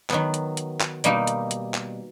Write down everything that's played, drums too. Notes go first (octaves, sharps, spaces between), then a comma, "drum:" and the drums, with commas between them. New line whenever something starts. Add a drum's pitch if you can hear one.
D#3 F#3 B3, drum: clap
drum: hi-hat
drum: hi-hat
drum: clap
B2 G3 A#3 D#4 G4, drum: hi-hat
drum: hi-hat
drum: hi-hat
drum: clap